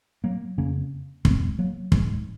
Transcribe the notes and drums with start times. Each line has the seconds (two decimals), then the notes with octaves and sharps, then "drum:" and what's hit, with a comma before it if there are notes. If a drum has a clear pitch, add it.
0.24 F#3 A#3
0.58 F2 C#3 A#3 C#4
1.25 F2 C3 G#3 C4, drum: kick
1.59 F#3 A#3
1.92 G#2 F3 G#3, drum: kick